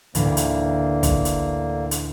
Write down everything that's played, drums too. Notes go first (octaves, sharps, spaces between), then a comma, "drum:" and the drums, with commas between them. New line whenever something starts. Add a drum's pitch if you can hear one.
A1 D2 A2 D3 A#3, drum: hi-hat
drum: hi-hat
drum: kick, hi-hat
drum: hi-hat
drum: hi-hat